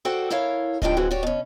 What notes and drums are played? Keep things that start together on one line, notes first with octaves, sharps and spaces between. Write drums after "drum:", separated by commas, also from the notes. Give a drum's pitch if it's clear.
F#4 A4 C5 D5 F#5 G5
E4 A4 A#4 C#5 F5
C#3 G#3 D4 F4 G4 G5, drum: kick D1
E3 F#3 G#3 C4 F#4
F#4 G4 C#5 D5
B2 C#4